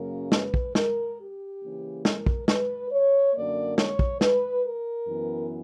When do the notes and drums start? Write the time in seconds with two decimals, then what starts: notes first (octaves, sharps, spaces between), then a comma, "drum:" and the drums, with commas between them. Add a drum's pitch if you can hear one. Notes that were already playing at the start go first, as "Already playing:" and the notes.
Already playing: F#2 C#3 F#3 A#3 C#4 A#4
0.32 B4, drum: snare
0.54 drum: kick
0.75 A#4, drum: snare
1.18 G4
1.62 C#3 E3 A#3 C#4
2.05 A#4, drum: snare
2.26 drum: kick
2.48 B4, drum: snare
2.91 C#5
3.34 F#2 D3 A#3 D5
3.78 C#5, drum: snare
3.99 drum: kick
4.21 B4, drum: snare
4.64 A#4
5.07 F#2 E3 B3